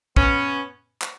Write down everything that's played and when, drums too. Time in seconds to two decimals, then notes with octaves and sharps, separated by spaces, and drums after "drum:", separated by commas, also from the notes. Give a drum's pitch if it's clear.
0.17 B3 C#4, drum: kick
1.02 drum: clap